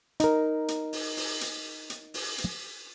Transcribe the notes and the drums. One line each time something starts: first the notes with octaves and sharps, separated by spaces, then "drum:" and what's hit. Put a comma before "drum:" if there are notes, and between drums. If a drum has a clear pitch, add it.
D#4 A#4, drum: hi-hat
drum: hi-hat
drum: open hi-hat
drum: open hi-hat
drum: hi-hat
drum: hi-hat
drum: open hi-hat
drum: hi-hat